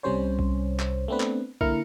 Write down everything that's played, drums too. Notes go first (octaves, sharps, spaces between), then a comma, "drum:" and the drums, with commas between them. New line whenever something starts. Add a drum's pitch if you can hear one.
C2 C3 G3 C#4 C5 C#5
drum: kick B1
drum: clap
A3 B3 C4 D4 B4
drum: clap
D3 A#3 E4 A#5 F6 C#7, drum: kick B1